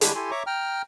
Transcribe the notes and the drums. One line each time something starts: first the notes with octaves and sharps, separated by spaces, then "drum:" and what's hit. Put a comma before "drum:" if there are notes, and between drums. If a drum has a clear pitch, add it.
D3 G3 G#3 D4 E4 G4, drum: hi-hat
E4 G4 A4 G#5 C6
C#5 E5 A#5 C#6 D6
G5 A#5 F6